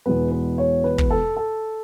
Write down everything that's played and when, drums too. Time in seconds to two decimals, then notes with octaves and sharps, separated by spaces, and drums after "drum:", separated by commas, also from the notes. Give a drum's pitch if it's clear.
0.06 E2 B2 G#3 B3 B4
0.31 B4
0.58 C#5
0.84 B4
0.98 drum: kick
1.11 A4
1.37 A4